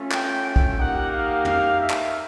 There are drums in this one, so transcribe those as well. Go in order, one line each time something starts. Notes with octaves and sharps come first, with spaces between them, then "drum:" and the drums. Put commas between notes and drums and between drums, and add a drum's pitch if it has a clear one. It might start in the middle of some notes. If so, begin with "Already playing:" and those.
Already playing: A3 C#4 F4
G5, drum: clap
G5
drum: kick
A#3 D#4 G4 F#5
F5
F5, drum: tom
E5
drum: clap